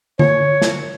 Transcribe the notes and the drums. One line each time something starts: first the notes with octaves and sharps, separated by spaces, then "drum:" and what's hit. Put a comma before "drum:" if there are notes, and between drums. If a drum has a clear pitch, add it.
C#5, drum: tom D3
drum: snare